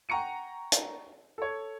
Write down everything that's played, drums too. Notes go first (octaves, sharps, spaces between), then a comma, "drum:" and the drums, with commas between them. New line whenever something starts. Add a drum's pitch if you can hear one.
F#5 G5 A#5 C#6 C#7 D#7
drum: hi-hat
A4 C#5